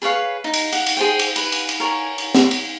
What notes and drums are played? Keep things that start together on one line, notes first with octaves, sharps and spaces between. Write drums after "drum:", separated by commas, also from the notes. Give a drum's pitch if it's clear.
G#4 B4 C#5 F5
D#4
drum: cymbal
F#5, drum: cymbal
drum: cymbal
G#4 C5 G5
drum: cymbal
B4, drum: cymbal
drum: cymbal
drum: cymbal
A#4 C#5 G#5
drum: cymbal
drum: snare
drum: cymbal